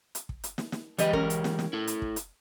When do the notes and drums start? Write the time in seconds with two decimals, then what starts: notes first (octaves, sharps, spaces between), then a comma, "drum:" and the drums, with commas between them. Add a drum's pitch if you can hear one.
0.15 drum: hi-hat
0.29 drum: kick
0.44 drum: hi-hat
0.58 drum: snare
0.72 drum: snare
0.98 E3 G3 G#3 G4 B4 D#5, drum: hi-hat
1.13 C#4 A#4, drum: kick
1.30 drum: hi-hat
1.44 drum: snare
1.59 drum: snare
1.73 E4 A4
1.87 drum: hi-hat
2.02 drum: kick
2.16 drum: hi-hat